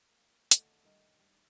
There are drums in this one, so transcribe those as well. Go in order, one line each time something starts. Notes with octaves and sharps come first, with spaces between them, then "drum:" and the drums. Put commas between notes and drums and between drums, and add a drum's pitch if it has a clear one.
A#3
D3 D#3 A3 G4, drum: hi-hat
G2 D#3 D#4 E5
G2 G3